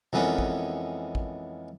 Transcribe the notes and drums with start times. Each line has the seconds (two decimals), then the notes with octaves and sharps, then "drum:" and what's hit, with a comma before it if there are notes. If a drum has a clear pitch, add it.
0.13 F2 E3 G#3 A#3 B3 C#4, drum: tom
0.38 drum: kick
1.15 drum: kick